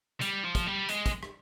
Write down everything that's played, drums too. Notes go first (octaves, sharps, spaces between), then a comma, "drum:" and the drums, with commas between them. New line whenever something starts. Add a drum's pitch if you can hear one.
G3, drum: hi-hat
F3
drum: kick, hi-hat
G3
G#3, drum: hi-hat
drum: kick, hi-hat
drum: rim click